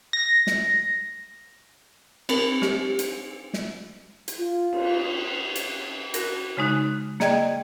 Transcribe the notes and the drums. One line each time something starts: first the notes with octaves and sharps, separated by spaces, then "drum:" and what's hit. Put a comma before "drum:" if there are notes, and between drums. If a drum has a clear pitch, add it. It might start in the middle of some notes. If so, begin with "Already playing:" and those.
A#6
drum: snare
C4 A#4, drum: cymbal
G4, drum: snare
drum: hi-hat
drum: snare
drum: hi-hat
F4
drum: cymbal
drum: hi-hat
F#4 A#4, drum: hi-hat
C#3 G#3 D#4 F#6
A#3 G#4 D5 D#5 G5 G#6, drum: snare